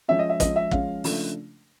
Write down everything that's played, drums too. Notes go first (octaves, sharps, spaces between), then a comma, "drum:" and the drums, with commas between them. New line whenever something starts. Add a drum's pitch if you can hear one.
F3 G#3 C#4 E5
D#5
E5
F3 G#3 C#4 D#5, drum: kick, hi-hat
E5
F3 G#3 C#4 F5, drum: kick
C#3 F3 A3 D4, drum: open hi-hat